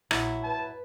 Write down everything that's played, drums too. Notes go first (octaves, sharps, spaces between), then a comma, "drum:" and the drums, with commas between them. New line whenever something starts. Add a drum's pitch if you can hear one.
A#1 F#3 E4, drum: rim click
B4 A5